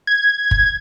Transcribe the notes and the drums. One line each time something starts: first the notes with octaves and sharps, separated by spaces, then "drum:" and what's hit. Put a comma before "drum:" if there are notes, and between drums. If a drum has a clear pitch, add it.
G#6
drum: kick